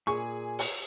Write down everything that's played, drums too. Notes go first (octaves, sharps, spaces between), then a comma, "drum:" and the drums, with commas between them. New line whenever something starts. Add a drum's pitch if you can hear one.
A#2 G#4 C#6
drum: open hi-hat